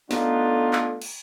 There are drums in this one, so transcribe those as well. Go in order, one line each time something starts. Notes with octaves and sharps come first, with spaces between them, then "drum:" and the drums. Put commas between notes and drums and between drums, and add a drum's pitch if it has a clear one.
A3 B3 D4 D#4 F4 A4, drum: snare
drum: clap
drum: cymbal